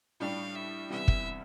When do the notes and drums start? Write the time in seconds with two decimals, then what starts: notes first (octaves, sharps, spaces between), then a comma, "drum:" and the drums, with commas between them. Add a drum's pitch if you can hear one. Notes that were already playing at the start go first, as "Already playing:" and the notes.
0.20 A2 G3 D4 G4 F5
0.55 E5
0.90 C2 C3 E3 G3 B3 E5
1.08 drum: kick